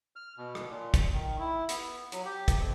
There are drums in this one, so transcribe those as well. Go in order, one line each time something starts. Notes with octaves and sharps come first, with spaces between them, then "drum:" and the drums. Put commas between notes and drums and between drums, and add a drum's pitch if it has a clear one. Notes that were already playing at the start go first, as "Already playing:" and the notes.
F6
B2
drum: rim click
A#2
drum: kick, hi-hat
D#3
E4
B3, drum: hi-hat
F#3, drum: hi-hat
G4
drum: kick, hi-hat
F2